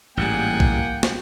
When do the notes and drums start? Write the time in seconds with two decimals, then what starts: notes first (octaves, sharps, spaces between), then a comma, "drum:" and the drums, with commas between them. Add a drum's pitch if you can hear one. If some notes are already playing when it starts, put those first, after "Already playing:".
0.17 A1 G#2 G3 A#3 G#4 F#5 G5
0.60 drum: kick
1.03 drum: snare